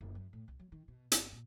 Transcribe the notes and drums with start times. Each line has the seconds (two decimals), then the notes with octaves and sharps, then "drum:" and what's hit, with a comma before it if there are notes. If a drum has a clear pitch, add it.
0.01 F#1
0.15 F#2
0.33 A2
0.48 C2
0.59 F#3
0.72 D#3
0.88 B2
1.12 G1, drum: hi-hat
1.32 A#2